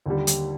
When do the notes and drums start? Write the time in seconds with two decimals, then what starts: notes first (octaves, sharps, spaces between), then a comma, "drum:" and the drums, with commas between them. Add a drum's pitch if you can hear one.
0.06 D#2 D3 G3
0.27 drum: hi-hat